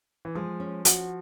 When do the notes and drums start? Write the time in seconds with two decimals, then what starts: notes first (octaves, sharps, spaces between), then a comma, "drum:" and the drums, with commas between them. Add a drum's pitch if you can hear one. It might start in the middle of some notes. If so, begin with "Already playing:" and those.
0.25 E3
0.35 F3 G#3
0.60 C#4
0.85 F#4, drum: hi-hat